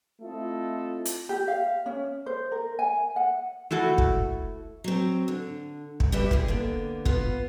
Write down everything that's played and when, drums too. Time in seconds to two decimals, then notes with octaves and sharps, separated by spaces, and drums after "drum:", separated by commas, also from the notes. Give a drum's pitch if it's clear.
0.21 A3 C4 E4 F4 A4 D#5
1.05 drum: hi-hat
1.29 G4
1.48 F5
1.86 C#4
2.26 C5
2.52 A#4
2.79 G#5
3.16 F#5
3.71 A3 E4 F#4 A4
3.98 drum: kick
4.84 F#3 C4
5.28 D3
6.00 drum: kick
6.12 G3 F#4 G4 B4 E5
6.31 C4 E4 G#4, drum: kick
6.48 D3 A#3 B3
7.06 B3 F4, drum: kick